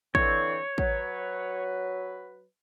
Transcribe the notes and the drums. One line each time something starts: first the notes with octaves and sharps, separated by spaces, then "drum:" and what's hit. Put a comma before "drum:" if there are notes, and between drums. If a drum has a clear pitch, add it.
D3 E3 C4 C#5, drum: kick
F#3 B4, drum: kick